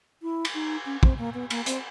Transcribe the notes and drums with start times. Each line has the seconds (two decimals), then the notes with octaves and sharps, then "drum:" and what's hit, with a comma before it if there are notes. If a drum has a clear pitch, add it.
0.22 E4
0.45 drum: cymbal
0.54 D#4
0.86 C#4
1.03 C4, drum: kick
1.18 A#3
1.34 B3
1.50 A#3, drum: cymbal
1.66 C4, drum: hi-hat